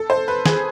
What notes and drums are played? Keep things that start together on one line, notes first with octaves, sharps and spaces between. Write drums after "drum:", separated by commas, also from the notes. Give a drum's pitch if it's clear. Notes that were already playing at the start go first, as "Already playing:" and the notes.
Already playing: A4
C5
B4
G#4, drum: snare